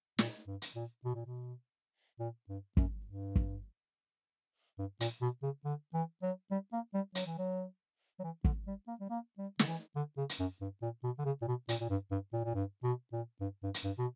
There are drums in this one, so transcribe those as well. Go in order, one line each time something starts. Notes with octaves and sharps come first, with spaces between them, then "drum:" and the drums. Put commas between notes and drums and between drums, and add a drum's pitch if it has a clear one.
A#2, drum: snare
G2
drum: hi-hat
A#2
B2
A#2
B2
A#2
G2
F#2, drum: kick
G2
drum: kick
G2
A#2, drum: hi-hat
B2
C#3
D3
E3
F#3
G3
A#3
G3
F#3, drum: hi-hat
E3
F#3
F#3
E3
D3, drum: kick
G3
A#3
G3
A#3
G3
D3, drum: snare
E3
D3
C#3
drum: hi-hat
F#2
G2
A#2
B2
D3
C#3
A#2
B2
A#2, drum: hi-hat
A#2
G2
G2
A#2
A#2
G2
B2
A#2
G2
G2
drum: hi-hat
G2
B2